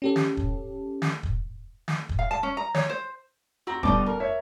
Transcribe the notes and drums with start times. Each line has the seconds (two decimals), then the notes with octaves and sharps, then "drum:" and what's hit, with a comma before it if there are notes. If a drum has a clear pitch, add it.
0.02 C#4 G4 A4
0.16 drum: snare
0.37 drum: kick
1.02 drum: snare
1.23 drum: kick
1.88 drum: snare
2.09 drum: kick
2.19 F5
2.31 A5
2.43 C#4
2.57 A#5
2.74 C#5, drum: snare
2.89 C5
3.67 C4 F#4 A#5
3.83 B2 D3 G3 G4 D#5 D6, drum: kick
4.06 A#4
4.20 C#5 E5